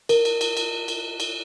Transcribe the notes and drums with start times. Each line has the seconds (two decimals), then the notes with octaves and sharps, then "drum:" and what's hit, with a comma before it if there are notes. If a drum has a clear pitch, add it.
0.09 A#4, drum: cymbal
0.25 drum: cymbal
0.41 drum: cymbal
0.57 drum: cymbal
0.88 drum: cymbal
1.20 drum: cymbal